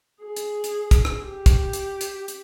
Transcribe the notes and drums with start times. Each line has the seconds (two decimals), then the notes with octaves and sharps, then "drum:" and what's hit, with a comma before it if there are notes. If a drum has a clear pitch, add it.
0.23 G#4
0.36 drum: hi-hat
0.64 drum: hi-hat
0.91 drum: kick, hi-hat
1.05 drum: rim click
1.24 G4
1.46 drum: kick, hi-hat
1.73 drum: hi-hat
2.01 drum: hi-hat
2.28 drum: hi-hat